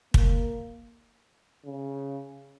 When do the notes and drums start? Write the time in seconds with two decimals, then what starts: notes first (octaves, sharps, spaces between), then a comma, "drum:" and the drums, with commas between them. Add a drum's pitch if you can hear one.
0.14 A#3, drum: kick
1.65 C#3